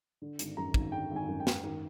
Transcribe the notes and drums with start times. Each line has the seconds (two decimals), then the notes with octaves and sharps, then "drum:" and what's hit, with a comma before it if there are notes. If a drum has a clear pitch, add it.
0.22 D3
0.39 G#1, drum: hi-hat
0.57 F#2 A#5
0.74 G#1, drum: kick
0.92 D3 G5
1.11 G#1
1.16 G#5
1.28 F#2
1.40 G5
1.47 G#1, drum: snare
1.63 D#3